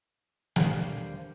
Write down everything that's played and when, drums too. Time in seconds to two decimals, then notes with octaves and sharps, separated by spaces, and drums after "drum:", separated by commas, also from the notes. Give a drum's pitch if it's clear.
0.56 D#2 D3 G3 C5 F5, drum: snare